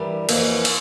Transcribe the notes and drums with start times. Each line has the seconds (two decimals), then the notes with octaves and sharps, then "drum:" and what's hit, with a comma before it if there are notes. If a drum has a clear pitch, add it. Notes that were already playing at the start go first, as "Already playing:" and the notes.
Already playing: G2 E3 G3 A#4
0.29 F2 E3 A#3, drum: cymbal
0.65 drum: cymbal